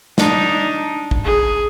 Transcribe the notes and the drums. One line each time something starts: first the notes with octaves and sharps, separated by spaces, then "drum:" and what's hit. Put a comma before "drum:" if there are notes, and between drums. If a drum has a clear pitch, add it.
D4 D#4, drum: snare
drum: kick
G#4